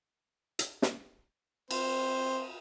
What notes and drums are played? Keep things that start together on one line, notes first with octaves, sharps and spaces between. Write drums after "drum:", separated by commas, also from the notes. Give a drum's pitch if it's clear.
drum: hi-hat
drum: snare
C4 C5, drum: cymbal